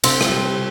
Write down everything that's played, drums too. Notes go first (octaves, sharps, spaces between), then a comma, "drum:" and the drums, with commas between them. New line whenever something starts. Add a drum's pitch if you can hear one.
C3 C4, drum: cymbal
drum: rim click
G3